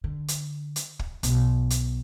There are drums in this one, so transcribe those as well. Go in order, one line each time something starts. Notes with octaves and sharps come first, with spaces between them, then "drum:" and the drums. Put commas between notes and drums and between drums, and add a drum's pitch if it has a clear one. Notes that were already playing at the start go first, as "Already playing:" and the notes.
D3
drum: hi-hat
drum: hi-hat
drum: kick
B1, drum: hi-hat
drum: hi-hat